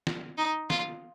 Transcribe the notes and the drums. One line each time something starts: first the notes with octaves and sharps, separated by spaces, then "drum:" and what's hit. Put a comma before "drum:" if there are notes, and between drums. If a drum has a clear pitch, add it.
drum: snare
D#4
F4, drum: snare